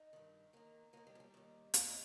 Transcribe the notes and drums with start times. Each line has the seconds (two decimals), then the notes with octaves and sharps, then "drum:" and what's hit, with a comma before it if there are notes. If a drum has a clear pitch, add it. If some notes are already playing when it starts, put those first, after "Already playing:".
Already playing: D#4
0.13 G2 D#3
0.53 D#2 D#3 A#3
0.93 D#2 D#3 A#3
1.07 G3
1.15 F3
1.20 G3
1.34 D#2 D#3
1.74 D#2 D#3, drum: hi-hat